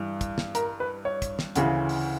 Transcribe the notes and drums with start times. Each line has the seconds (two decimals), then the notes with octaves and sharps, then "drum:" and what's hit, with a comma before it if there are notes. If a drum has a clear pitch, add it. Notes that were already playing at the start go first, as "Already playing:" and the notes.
Already playing: G2 E3
0.21 drum: kick, hi-hat
0.38 drum: snare
0.55 A#4, drum: hi-hat
0.80 B4
1.05 C#5
1.22 drum: kick, hi-hat
1.39 drum: snare
1.56 D2 C#3 E3, drum: hi-hat
1.89 drum: open hi-hat